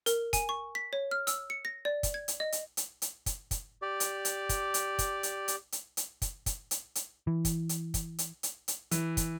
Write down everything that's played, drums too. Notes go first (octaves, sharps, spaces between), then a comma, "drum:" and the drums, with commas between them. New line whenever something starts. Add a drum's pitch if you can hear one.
A#4, drum: hi-hat
G#5, drum: kick, hi-hat
C#6
B6
C#5
F6
E6, drum: hi-hat
C#7
A#6
D5
drum: kick, hi-hat
G#6
drum: hi-hat
D#5
drum: hi-hat
drum: hi-hat
drum: hi-hat
drum: kick, hi-hat
drum: kick, hi-hat
G4 D5
drum: hi-hat
drum: hi-hat
drum: kick, hi-hat
drum: hi-hat
drum: kick, hi-hat
drum: hi-hat
drum: hi-hat
drum: hi-hat
drum: hi-hat
drum: kick, hi-hat
drum: kick, hi-hat
drum: hi-hat
drum: hi-hat
E3
drum: kick, hi-hat
drum: hi-hat
drum: kick, hi-hat
drum: hi-hat
drum: hi-hat
drum: hi-hat
E3, drum: hi-hat
drum: kick, hi-hat